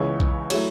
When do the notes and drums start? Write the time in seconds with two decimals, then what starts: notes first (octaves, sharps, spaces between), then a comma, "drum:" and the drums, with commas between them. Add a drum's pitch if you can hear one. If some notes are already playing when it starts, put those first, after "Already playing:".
Already playing: C#2 C#3 E3 C#5
0.20 drum: kick B1
0.50 F#3 A3 E4 C#5, drum: cymbal